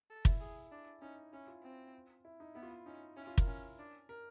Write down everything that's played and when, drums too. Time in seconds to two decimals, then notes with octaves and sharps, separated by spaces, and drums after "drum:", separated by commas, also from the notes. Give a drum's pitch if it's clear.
0.10 A4
0.25 E4, drum: kick
0.40 G#4
0.71 D4
1.02 C#4 D#4
1.33 C#4 E4
1.48 F4
1.63 C4
2.25 E4
2.40 D#4
2.55 B3 E4
2.63 F4
2.70 E4
2.86 C#4 D#4
3.16 C#4 E4
3.27 F4
3.38 A#4, drum: kick
3.47 C#4
3.78 D4
4.09 A#4